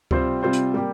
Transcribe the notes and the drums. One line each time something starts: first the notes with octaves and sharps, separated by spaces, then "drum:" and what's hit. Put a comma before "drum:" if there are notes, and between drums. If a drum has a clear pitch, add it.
C3 G3 C4 F4 C5, drum: kick C#2
C3 G3 C4 F4 C5
drum: hi-hat
G3 A#3 G4